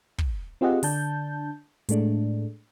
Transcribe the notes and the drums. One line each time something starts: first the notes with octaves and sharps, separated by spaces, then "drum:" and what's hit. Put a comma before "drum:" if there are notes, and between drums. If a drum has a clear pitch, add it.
drum: kick
C4 F4 G4 G#4 D#5 F#5
D3 D4 A5 G6, drum: open hi-hat
A2 G#3 A3 D4, drum: hi-hat